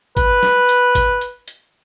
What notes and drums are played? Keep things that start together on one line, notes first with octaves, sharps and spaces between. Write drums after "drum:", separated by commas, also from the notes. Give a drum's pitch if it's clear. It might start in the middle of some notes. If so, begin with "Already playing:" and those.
B4, drum: kick, hi-hat
drum: snare
drum: hi-hat
drum: kick, hi-hat
drum: hi-hat
drum: hi-hat